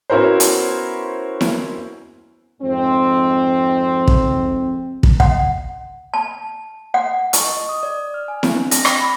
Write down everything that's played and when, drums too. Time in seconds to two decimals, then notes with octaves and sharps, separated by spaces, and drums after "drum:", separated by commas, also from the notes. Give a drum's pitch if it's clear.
0.10 B3 C#4 E4 F#4 A#4 C5
0.40 drum: hi-hat
1.41 drum: snare E4
2.62 F2 G#2 C4
4.07 drum: kick
5.03 drum: kick
5.20 F#5, drum: kick
6.14 A5
6.94 F#5
7.33 C#6, drum: hi-hat
7.45 D#5
7.69 D#6
7.83 D5
8.14 F6
8.28 G#5
8.43 C4, drum: snare E4
8.56 D4
8.71 A#6, drum: hi-hat
8.85 G5, drum: rim click
9.00 B5